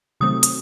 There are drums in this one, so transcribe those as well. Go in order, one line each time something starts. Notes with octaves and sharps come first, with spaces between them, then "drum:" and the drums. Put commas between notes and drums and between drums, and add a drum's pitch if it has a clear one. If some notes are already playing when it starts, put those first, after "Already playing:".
C3 D#3 F#3 A3 C4 D#6
drum: hi-hat